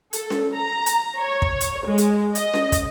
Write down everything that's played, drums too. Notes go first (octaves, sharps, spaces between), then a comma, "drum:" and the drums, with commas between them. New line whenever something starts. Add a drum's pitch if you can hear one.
A4, drum: hi-hat
drum: snare C#4
A#5
drum: hi-hat
C#5
drum: kick
drum: hi-hat
G#3
drum: hi-hat
D#5, drum: hi-hat
drum: snare C#4
drum: kick, hi-hat